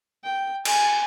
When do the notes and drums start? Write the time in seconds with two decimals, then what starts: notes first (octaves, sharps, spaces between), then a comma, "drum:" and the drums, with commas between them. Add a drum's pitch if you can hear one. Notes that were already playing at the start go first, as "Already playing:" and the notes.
0.24 G5
0.65 G#5, drum: cymbal